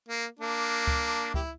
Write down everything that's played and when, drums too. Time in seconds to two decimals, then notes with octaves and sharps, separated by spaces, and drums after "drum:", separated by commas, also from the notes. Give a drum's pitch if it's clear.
0.08 A#3
0.39 A#3 D4
0.87 drum: kick C#2
1.34 E4 G4, drum: kick C#2